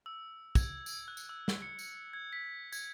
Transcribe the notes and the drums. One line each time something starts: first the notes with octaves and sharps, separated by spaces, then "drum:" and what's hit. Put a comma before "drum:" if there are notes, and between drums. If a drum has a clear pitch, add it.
E6
G#6, drum: kick, tambourine
drum: tambourine
F#6
drum: tambourine
E6
drum: snare
C#7
drum: tambourine
G#6
B6
G#6, drum: tambourine